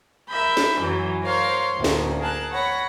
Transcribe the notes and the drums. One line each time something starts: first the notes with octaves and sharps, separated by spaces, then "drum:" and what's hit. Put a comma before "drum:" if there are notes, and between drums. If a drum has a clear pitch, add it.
A#4 E5 B5 G6
drum: snare
F#2 E3 F#3
A#4 C5 C#5 F5 C6
D2 A2 A#3
drum: snare
G#4 A#4 A5 F#6
C#5 F#5 B5 A#6